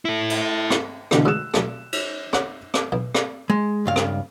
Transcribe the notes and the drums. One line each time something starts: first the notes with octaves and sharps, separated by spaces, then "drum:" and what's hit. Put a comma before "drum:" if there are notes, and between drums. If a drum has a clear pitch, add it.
E4 A4
drum: cymbal
drum: rim click
B2 D3 E3, drum: rim click
D2 G#2 E6 F#6 E7
B1 A3 A4, drum: rim click
drum: cymbal
C#4 F#5, drum: rim click
drum: rim click
B1 B2
drum: rim click
G#3
C#2 G2 F5
drum: rim click